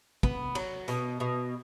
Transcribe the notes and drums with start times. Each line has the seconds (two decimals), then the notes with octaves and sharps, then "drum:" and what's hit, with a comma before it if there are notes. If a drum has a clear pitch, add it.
0.23 B3, drum: kick
0.55 F#3, drum: cymbal
0.88 B2, drum: hi-hat
1.20 B2